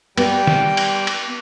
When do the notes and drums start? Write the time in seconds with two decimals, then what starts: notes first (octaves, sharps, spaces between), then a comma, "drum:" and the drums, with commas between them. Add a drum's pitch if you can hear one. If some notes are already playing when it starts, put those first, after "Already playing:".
0.17 G3 B3 G5, drum: cymbal
0.47 drum: snare
0.77 drum: cymbal
1.07 drum: cymbal